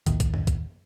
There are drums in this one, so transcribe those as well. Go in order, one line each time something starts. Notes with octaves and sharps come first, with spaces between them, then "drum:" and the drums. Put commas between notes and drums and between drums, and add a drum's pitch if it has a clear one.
A#1 D#2 A2 D#3, drum: hi-hat
drum: kick B1, hi-hat
drum: tom F#2
drum: kick B1, hi-hat